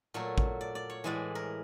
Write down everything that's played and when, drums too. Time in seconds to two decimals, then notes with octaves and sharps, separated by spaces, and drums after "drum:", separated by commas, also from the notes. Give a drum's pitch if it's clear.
0.14 A#2 F#3 A3 C#5
0.38 drum: kick A1
0.61 D5
0.75 D5
0.90 C#5
1.04 A2 E3 G#3 D5
1.35 A#4